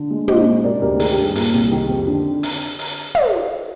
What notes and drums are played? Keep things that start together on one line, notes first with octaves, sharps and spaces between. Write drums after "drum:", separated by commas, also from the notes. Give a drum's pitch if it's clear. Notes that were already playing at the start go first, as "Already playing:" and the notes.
Already playing: D3
G#3
A#2 C5 D#5, drum: tom
G#3
C3 A#4 D5
D2 G4 A#4
D#3 G#4, drum: open hi-hat
G4
G2
G#4
A#2, drum: open hi-hat
C2
D#3 G4
F2
D3
drum: open hi-hat
drum: open hi-hat
drum: tom